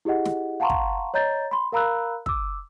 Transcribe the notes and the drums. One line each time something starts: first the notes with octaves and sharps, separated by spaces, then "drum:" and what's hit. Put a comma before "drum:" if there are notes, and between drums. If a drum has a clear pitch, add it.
E4 G4 G#4 D#5 F#5
drum: snare
F5 F#5 A5 A#5 C6 C#6
drum: kick
C#5 D#5 A#5 G6 A6
B5 C6
A#4 F5 A#5 B5 E6 F#6
D6 E6, drum: kick